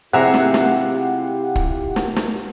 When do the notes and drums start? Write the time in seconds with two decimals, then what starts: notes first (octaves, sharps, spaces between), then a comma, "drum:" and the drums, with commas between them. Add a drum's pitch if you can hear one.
0.13 C3 E4 F4 G4 G#4 E5 F#5 A#5
0.34 drum: snare
0.54 drum: snare
1.56 drum: kick
1.96 drum: snare
2.16 drum: snare